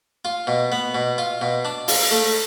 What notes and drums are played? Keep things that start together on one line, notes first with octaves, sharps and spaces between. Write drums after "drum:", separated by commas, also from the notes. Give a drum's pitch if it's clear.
F4
B2
B3
B2
F4
B2
D4
F4, drum: open hi-hat
A3